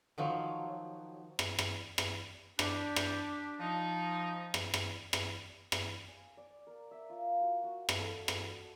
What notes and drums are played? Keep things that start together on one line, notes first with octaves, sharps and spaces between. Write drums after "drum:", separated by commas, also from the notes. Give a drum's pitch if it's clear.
D#3 F3 F#3
drum: rim click
drum: rim click
drum: rim click
D4 G4, drum: rim click
drum: rim click
F3 D#4
drum: rim click
drum: rim click
drum: rim click
drum: rim click
G#5
D5
A#4
E5
F4
F#4
F#4
drum: rim click
A4
drum: rim click
D#6